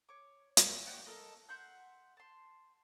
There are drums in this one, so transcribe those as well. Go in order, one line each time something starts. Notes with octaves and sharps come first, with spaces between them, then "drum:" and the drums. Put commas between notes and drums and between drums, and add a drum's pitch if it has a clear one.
C#5 D6
A#4 C#5, drum: hi-hat
F#4 D5 G5
A4 A#4 D#5
E5 F#5 C6 G6
A5 C6